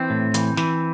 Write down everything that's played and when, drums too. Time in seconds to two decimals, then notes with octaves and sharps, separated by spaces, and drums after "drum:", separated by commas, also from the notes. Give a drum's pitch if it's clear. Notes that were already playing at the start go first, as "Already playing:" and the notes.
Already playing: E3 C4
0.10 A2
0.34 E3, drum: hi-hat
0.57 E3, drum: snare